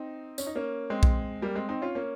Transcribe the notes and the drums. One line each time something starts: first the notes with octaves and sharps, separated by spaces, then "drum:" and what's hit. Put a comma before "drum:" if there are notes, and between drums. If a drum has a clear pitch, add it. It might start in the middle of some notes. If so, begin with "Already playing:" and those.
Already playing: C4 D#4
C#4, drum: tambourine
D#4
A#3 C#4
G#3 C4
drum: kick B1
G3 A#3
G#3 C4
C4 D#4
C#4 F4
A#3 C#4